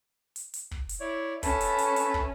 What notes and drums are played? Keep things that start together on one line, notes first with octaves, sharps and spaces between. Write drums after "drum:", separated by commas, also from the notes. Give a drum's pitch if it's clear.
drum: hi-hat
drum: hi-hat
drum: kick
drum: hi-hat
E4 C#5 D5
C#4 A4 B4 E5, drum: kick, hi-hat
drum: hi-hat
drum: hi-hat
drum: hi-hat
drum: kick